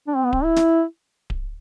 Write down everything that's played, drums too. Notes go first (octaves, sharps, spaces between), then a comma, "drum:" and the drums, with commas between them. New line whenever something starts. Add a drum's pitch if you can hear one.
D4
C4
B3
C4, drum: kick D1
E4
drum: snare
drum: kick D1